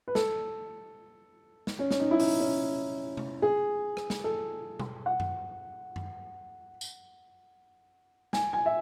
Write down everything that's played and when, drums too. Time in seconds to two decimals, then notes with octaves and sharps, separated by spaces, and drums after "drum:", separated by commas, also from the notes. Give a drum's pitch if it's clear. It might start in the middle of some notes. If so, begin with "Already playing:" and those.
0.08 B4
0.15 A4, drum: snare
1.67 drum: snare
1.79 C#4
1.91 C#4, drum: snare
2.00 D#4
2.11 E4
2.20 D#4, drum: open hi-hat
2.40 C#4
3.17 drum: tom C3
3.42 G#4
3.97 drum: rim click
4.10 drum: snare
4.24 A4
4.79 drum: tom B2
5.06 F#5
5.20 drum: tom F#2
5.96 drum: tom F#2
6.81 drum: tambourine
8.33 G#5, drum: snare
8.53 G#5
8.66 E5